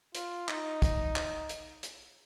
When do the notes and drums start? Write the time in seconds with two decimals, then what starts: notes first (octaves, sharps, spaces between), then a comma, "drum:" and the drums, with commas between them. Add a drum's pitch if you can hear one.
0.15 F4, drum: hi-hat
0.49 D#4, drum: clap
0.82 drum: kick, hi-hat
1.16 drum: clap
1.49 drum: hi-hat
1.83 drum: hi-hat